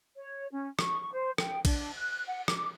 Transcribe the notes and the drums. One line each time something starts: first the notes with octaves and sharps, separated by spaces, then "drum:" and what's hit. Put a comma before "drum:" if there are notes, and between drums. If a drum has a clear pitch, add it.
C#5
C#4
C#6, drum: rim click
C5
G5, drum: rim click
D4, drum: kick A#1, cymbal
F#6
F#5
D6, drum: rim click